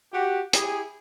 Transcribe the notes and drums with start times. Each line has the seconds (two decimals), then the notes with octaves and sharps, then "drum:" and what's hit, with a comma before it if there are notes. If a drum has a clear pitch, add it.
0.13 F#4 G4
0.53 E4 G4 G#4, drum: hi-hat